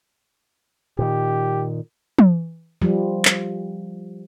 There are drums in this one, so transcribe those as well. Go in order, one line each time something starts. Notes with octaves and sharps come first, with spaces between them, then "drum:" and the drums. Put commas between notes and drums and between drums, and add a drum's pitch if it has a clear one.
A#2 D#3 G4
drum: tom
F3 G3
drum: clap